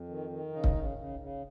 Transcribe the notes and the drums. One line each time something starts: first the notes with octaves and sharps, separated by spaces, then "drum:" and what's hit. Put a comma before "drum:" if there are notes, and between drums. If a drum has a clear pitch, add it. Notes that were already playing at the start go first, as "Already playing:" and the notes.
Already playing: F2
D#3
D#3
C#3 D#4
drum: kick C#1
C#3
C#3
C#3